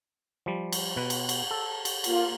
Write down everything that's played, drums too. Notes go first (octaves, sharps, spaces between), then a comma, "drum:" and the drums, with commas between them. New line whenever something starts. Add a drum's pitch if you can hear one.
F3 G3
drum: cymbal
B2 B4
drum: cymbal
drum: cymbal
A4
drum: cymbal
A#3 F4, drum: cymbal